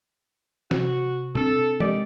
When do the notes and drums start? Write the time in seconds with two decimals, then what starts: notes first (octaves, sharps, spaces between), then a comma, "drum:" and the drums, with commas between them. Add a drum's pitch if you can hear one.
0.71 C3 F#4, drum: snare
1.35 C4 D4 A4, drum: tom
1.80 D#3 G#3 D#4 G4 D5, drum: tom